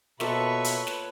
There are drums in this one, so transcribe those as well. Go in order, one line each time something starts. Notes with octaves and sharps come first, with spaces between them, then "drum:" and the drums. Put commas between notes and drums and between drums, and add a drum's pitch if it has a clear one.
B2 A#3 F4 A4 B4 C#5 E5 C#6, drum: snare
drum: hi-hat
drum: snare